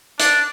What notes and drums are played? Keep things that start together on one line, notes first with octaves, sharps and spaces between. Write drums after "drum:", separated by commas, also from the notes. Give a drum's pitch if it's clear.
D4, drum: hi-hat